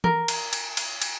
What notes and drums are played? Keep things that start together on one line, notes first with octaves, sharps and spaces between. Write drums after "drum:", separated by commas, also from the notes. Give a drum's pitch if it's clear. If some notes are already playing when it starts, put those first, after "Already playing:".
A#4, drum: tom E3
drum: cymbal
drum: cymbal
drum: cymbal
drum: cymbal